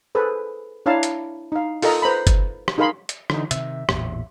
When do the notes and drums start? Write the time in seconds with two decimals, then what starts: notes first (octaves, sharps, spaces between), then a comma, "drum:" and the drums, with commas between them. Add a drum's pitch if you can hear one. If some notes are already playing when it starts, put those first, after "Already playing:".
0.15 G#4 A4 B4 C5
0.86 D4 E4 C#5 F5 A5 A#5
1.03 drum: hi-hat
1.52 D#4 F5
1.82 F4 A4 A#4 D#5 A#5, drum: open hi-hat
2.02 B4 C5 A#5 B5
2.27 drum: kick F#1, hi-hat
2.68 drum: rim click
2.78 D#4 G#4 A#4 F5 B5 C6
3.09 drum: hi-hat
3.30 D3 E3 D#4, drum: rim click
3.51 C3 D#3 E5, drum: hi-hat
3.89 A1 E2 A#2, drum: rim click